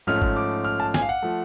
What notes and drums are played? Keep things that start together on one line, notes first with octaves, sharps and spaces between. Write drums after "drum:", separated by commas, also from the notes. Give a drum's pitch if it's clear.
G#2 F3 A3 C#4 F6
drum: kick G1
D6
F6
A5
G#5, drum: snare
F5
F#5
F3 A3